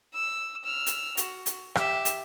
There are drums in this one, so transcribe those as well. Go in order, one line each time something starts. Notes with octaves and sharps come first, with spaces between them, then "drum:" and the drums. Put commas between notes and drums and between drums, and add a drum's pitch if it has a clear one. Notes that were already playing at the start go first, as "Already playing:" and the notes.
E6
E6 F6
drum: hi-hat
F#4, drum: hi-hat
drum: hi-hat
G4 E5, drum: rim click
drum: hi-hat